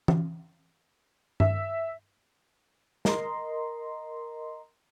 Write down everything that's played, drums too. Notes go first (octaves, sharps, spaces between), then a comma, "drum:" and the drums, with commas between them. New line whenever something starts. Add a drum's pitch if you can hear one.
drum: tom E3
E5, drum: tom G2
A#4 D#5 A#5 C6, drum: snare